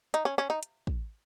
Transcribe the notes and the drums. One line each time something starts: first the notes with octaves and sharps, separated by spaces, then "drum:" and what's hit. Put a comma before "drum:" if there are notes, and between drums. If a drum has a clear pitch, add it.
D#4, drum: hi-hat
C#4
C#4
D#4
drum: hi-hat
drum: kick